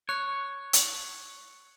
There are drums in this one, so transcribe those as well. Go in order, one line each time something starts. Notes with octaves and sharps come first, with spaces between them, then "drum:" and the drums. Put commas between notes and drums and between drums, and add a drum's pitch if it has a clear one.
C#5 F#6 C#7
drum: hi-hat